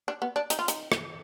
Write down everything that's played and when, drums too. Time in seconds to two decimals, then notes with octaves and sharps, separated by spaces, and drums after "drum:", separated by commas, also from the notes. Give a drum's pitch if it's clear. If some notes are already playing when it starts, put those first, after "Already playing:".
0.08 D4
0.22 B3
0.36 D4
0.50 D#4, drum: hi-hat
0.59 F4
0.68 D#4, drum: hi-hat
0.92 drum: rim click